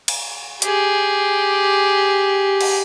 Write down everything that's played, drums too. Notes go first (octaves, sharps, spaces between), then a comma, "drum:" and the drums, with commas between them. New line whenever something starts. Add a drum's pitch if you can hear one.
drum: cymbal
G4 G#4, drum: hi-hat
drum: cymbal